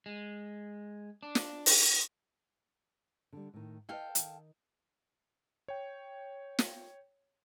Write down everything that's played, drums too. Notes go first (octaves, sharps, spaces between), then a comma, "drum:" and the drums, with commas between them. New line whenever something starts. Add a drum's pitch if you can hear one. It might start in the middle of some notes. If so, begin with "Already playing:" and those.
G#3
D4
drum: snare
drum: open hi-hat
D3 G3
A2 D#3
E4 A4 B4 D#5 F5 G5
D#3, drum: hi-hat
C#5 G5
drum: snare